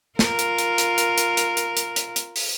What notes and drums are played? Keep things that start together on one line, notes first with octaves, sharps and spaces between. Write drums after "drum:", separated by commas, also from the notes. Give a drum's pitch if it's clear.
F4 A#4, drum: snare
drum: hi-hat
drum: hi-hat
drum: hi-hat
drum: hi-hat
drum: hi-hat
drum: hi-hat
drum: hi-hat
drum: hi-hat
drum: hi-hat
drum: hi-hat
drum: open hi-hat